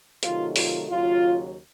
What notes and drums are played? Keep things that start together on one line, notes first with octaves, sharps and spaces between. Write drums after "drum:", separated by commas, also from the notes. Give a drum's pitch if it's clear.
C3 D#3 F#3 A3 D#4 F4, drum: hi-hat
F4, drum: open hi-hat
D#2 C#3 F#3 F4